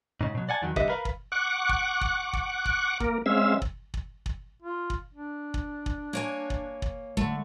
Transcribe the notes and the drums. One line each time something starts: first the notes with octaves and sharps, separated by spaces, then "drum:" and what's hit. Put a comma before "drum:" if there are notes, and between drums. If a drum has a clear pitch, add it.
G#2 C#3
B2 F#3
D5 F#5 G#5 A5
E2 D#3 F#3
C2 D3 G4 B4 D#5 E5, drum: kick
A#4 B4 F5 B5
drum: kick
F#5 C#6 D6 F#6
drum: kick
drum: kick
drum: kick
drum: kick
A#3 A#4, drum: kick
G#3 C4 C#4 E5 F5 E6
drum: kick
drum: kick
drum: kick
F4
drum: kick
D4
drum: kick
drum: kick
A#3 C#5 G#5
drum: kick
drum: kick
D3 A3, drum: kick